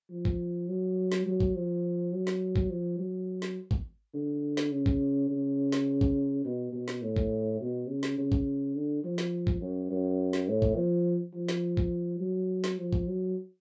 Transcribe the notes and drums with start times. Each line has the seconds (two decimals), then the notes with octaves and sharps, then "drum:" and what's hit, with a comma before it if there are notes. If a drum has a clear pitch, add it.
0.10 F3
0.25 drum: kick G#1
0.69 F#3
1.12 drum: snare
1.26 F#3
1.40 drum: kick G#1
1.55 F3
2.13 F#3
2.27 drum: snare
2.56 drum: kick G#1
2.70 F3
2.99 F#3
3.42 drum: snare
3.71 drum: kick G#1
4.14 D3
4.57 drum: snare
4.72 C#3
4.86 drum: kick G#1
5.29 C#3
5.72 drum: snare
6.01 drum: kick G#1
6.45 B2
6.73 B2
6.88 drum: snare
7.02 A2
7.16 drum: kick G#1
7.60 B2
7.88 C#3
8.03 drum: snare
8.18 C#3
8.32 drum: kick G#1
8.75 D3
9.04 F3
9.18 drum: snare
9.47 drum: kick G#1
9.61 F#2
9.91 F#2
10.33 drum: snare
10.48 A2
10.62 drum: kick G#1
10.76 F3
11.34 F3
11.49 drum: snare
11.77 drum: kick G#1
12.20 F#3
12.64 drum: snare
12.78 F3
12.93 drum: kick G#1
13.08 F#3